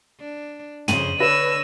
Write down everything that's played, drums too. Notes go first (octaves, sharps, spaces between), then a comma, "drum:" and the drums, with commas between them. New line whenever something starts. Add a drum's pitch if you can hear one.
D4
F2 C#3 C5 D#7 F#7, drum: tom
D3 D4 B4 C#5 E6 A#6 E7